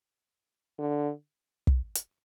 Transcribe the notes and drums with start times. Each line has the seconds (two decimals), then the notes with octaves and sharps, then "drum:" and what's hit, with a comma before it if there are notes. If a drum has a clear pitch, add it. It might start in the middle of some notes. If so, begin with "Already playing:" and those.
0.79 D3
1.67 drum: kick
1.95 drum: hi-hat